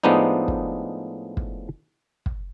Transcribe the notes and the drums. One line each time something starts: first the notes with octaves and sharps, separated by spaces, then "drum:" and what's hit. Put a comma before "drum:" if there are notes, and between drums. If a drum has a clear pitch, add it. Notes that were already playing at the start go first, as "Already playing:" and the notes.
A2 F3 G#3 B3 D4 D#4
drum: kick
drum: kick
drum: kick